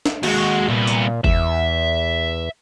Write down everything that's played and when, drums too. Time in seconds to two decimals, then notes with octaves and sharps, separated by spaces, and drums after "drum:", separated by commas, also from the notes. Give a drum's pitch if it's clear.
0.06 drum: snare
0.23 D#2 G#3 F#4, drum: cymbal
0.69 C2 A#2 B3
0.87 drum: tambourine
1.24 E2 E5, drum: kick